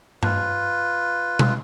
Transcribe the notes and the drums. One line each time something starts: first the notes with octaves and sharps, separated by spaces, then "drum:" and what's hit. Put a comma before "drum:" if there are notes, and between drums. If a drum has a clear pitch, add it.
F4 B4, drum: tom G2
drum: tom B2